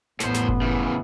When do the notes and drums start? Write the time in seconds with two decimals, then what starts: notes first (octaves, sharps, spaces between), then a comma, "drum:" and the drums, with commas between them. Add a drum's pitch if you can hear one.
0.20 A1 F2 A2 B3 C5, drum: snare
0.34 drum: snare
0.49 drum: kick F#1
0.61 C#3 E3